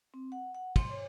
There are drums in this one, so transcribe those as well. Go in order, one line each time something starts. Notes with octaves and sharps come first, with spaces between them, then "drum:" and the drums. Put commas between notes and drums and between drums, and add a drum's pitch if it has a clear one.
C4
F#5
F#5
C6, drum: kick, cymbal
C#5